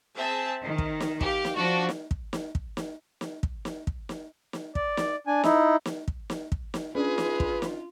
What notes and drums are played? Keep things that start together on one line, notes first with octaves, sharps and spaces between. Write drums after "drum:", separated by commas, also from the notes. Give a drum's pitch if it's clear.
C4 G#4 E5 A5
D#3
drum: kick
drum: snare
G4 F5, drum: kick
drum: snare
F3 D4 F#4
drum: snare
drum: kick
drum: snare
drum: kick
drum: snare
drum: snare
drum: kick
drum: snare
drum: kick
drum: snare
drum: snare
D5, drum: kick
drum: snare
D4 G#5
D#4 E4, drum: snare
drum: snare
drum: kick
drum: snare
drum: kick
drum: snare
C#4 D4 F4 G#4 B4
drum: snare
drum: kick
drum: snare